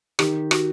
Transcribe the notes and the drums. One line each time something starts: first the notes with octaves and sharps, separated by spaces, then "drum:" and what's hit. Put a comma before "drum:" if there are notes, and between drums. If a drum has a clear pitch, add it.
D#3 G4, drum: rim click
F#4, drum: rim click